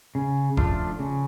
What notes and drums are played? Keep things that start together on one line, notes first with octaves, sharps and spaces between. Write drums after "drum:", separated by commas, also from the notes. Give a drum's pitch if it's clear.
C#3
F3 A3 D4 F4, drum: kick E1
C#3